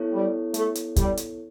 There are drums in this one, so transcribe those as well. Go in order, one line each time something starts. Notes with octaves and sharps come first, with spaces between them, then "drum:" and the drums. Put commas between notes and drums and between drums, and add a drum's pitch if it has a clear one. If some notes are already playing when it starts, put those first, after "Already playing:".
Already playing: B3 E4 A4 C#5
G3
A3, drum: hi-hat
drum: hi-hat
G3, drum: kick, hi-hat
drum: hi-hat